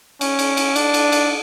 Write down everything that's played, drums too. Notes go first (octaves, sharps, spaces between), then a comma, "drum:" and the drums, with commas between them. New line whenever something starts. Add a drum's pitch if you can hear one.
C#4, drum: cymbal
drum: cymbal
drum: cymbal
D4, drum: cymbal
drum: cymbal
drum: cymbal